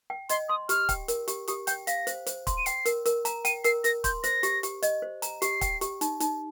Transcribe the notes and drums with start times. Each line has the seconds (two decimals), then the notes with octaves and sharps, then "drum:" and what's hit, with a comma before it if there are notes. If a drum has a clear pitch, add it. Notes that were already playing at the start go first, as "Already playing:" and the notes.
0.10 G5
0.29 D#5 C6, drum: hi-hat
0.49 C6 D#6
0.69 G4 F6, drum: hi-hat
0.89 G5, drum: kick, hi-hat
1.08 A#4, drum: hi-hat
1.28 G4, drum: hi-hat
1.48 G4 D#6, drum: hi-hat
1.67 G5 G6, drum: hi-hat
1.87 F5 A#6, drum: hi-hat
2.07 C5, drum: hi-hat
2.27 C5, drum: hi-hat
2.47 C6, drum: kick, hi-hat
2.58 D#7
2.66 G5 C7, drum: hi-hat
2.86 A#4, drum: hi-hat
3.06 A#4, drum: hi-hat
3.25 A#5, drum: hi-hat
3.45 G5 D#7, drum: hi-hat
3.64 A#4 C7, drum: hi-hat
3.84 A#4 A#6, drum: hi-hat
4.04 C6 G6, drum: kick, hi-hat
4.24 C5 A#6, drum: hi-hat
4.43 G4, drum: hi-hat
4.63 G4, drum: hi-hat
4.82 D#5, drum: hi-hat
5.02 C5
5.22 A#5, drum: hi-hat
5.42 G4 C7, drum: hi-hat
5.61 G5, drum: kick, hi-hat
5.81 G4, drum: hi-hat
6.01 D#4, drum: hi-hat
6.20 D#4, drum: hi-hat